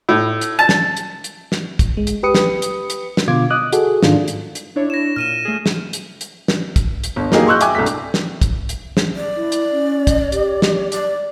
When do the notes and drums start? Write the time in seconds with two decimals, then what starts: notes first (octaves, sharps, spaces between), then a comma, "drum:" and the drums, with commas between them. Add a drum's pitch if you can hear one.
0.09 A2
0.41 drum: hi-hat
0.59 A5
0.69 drum: snare
0.97 drum: hi-hat
1.24 drum: hi-hat
1.52 drum: snare
1.79 drum: kick, hi-hat
1.97 G#3
2.07 drum: hi-hat
2.23 G4 B4 D#6 C#7
2.35 drum: snare
2.62 drum: hi-hat
2.90 drum: hi-hat
3.17 drum: snare
3.28 B2 D3 F4 D6 G#6
3.50 D#5 D6 D#6 F#6
3.72 F#4 G#4 A4, drum: hi-hat
4.03 G#2 D#3 D4 F4, drum: snare
4.28 drum: hi-hat
4.55 drum: hi-hat
4.76 D4 E4 C#5
4.90 A#6 E7
5.16 A#2 F6 D#7 E7
5.45 A3 G#4
5.66 drum: snare
5.93 drum: hi-hat
6.21 drum: hi-hat
6.48 drum: snare
6.76 drum: kick, hi-hat
7.04 drum: hi-hat
7.16 G1
7.32 F#3 A#3 D#4 G4 G#4 D#5, drum: snare
7.47 C6 C#6 E6 F#6 G6
7.61 E5 G5 G#5 D6, drum: hi-hat
7.75 C2 G2 A3 B6
7.86 drum: hi-hat
8.14 drum: snare
8.42 drum: kick, hi-hat
8.69 drum: hi-hat
8.97 drum: snare
9.16 D5
9.36 E4
9.52 drum: hi-hat
9.72 C#4
10.07 drum: kick, hi-hat
10.32 G4, drum: hi-hat
10.62 drum: snare
10.92 D5, drum: hi-hat